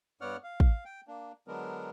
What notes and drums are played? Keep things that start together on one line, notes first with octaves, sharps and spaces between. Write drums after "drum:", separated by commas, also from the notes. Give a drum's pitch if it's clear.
G2 B3 C#5 D5 F#5 F6
F5
drum: kick
G5
A#3 D4
D3 F#3 G#3 B3 D4 A#4